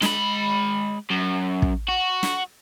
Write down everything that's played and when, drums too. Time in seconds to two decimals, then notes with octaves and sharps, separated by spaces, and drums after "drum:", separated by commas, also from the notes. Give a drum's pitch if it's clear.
0.02 G#3 B5, drum: snare
1.10 F#2
1.62 drum: kick
1.88 F#4
2.23 drum: snare